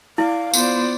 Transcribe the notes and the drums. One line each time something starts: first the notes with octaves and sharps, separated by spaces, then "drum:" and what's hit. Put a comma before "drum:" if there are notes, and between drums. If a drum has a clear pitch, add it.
E4 D5 F5
B3 F4 C5 D5, drum: tambourine